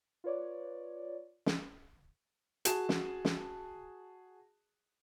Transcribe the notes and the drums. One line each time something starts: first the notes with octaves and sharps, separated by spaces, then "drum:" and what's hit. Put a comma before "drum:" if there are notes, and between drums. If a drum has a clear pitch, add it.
F4 B4 C#5 D5
drum: snare
F#4 G#4 A5 E7, drum: hi-hat
drum: snare
drum: snare